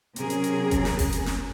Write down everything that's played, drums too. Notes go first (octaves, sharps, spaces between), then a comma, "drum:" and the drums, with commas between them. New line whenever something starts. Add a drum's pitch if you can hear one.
C3 F#3 C#4 G#4 A#4, drum: hi-hat
drum: hi-hat
drum: hi-hat
drum: kick F#1, hi-hat
drum: snare
drum: kick F#1, open hi-hat
drum: hi-hat
drum: snare